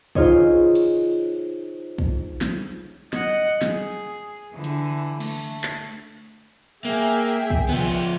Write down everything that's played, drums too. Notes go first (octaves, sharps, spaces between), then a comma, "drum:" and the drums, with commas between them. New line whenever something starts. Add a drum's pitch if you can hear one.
D#4 F4 G#4 C5 C#5 D#5, drum: kick
drum: cymbal
drum: kick
drum: snare
D#5 F#5, drum: snare
G#4, drum: snare
D3 E3
drum: hi-hat
A3, drum: cymbal
drum: clap
A#3 G#4 E5 G5, drum: hi-hat
drum: kick
F3 B3, drum: tom B2